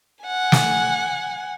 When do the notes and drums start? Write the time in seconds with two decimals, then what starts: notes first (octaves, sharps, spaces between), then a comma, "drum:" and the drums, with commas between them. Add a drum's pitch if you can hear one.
0.25 F#5 G#5
0.52 drum: snare